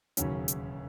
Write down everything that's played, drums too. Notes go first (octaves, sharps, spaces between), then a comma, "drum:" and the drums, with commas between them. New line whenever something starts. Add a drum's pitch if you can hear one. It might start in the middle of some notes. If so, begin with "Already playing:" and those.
E1 D#2 C#3 F#3 C#4, drum: hi-hat
drum: hi-hat